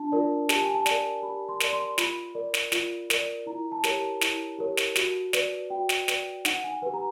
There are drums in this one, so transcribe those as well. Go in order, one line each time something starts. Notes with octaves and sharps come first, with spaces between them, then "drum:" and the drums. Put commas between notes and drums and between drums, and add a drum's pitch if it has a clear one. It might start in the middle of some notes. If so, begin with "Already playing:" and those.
Already playing: D4 F4 A5
F4 A#4 D5
G4 A5, drum: snare
G#5
A5
A#4 D5, drum: snare
G4 B5
C6
A#4 D5, drum: snare
C6
F4 B5, drum: snare
A#4 D5
drum: snare
F4, drum: snare
A#4 D5, drum: snare
E4 A#5
A5
G4 A#4 C#5, drum: snare
A5
E4, drum: snare
G4 A#4 C#5
drum: snare
F#4, drum: snare
B4 D5, drum: snare
F#4 G5
drum: snare
B4 D5, drum: snare
D#4 F#5, drum: snare
G#5
G4 B4 G#5
A#5